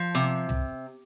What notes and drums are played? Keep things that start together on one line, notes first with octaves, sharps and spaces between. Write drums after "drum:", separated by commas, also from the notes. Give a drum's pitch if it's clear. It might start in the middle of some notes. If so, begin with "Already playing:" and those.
Already playing: F3
C3
drum: tom C2